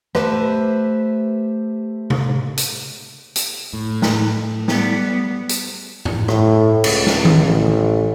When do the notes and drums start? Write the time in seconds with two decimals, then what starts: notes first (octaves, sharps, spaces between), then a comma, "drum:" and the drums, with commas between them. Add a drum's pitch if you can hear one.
0.15 A3 G4 B4 C5 E5, drum: rim click
2.10 drum: tom C3
2.57 drum: hi-hat
3.36 drum: hi-hat
3.73 A2
4.02 drum: snare
4.68 G3 B3, drum: snare
5.49 drum: hi-hat
6.05 drum: tom G2
6.28 A2, drum: rim click
6.84 C#2, drum: cymbal
7.06 drum: snare
7.25 drum: tom D#3
7.46 A1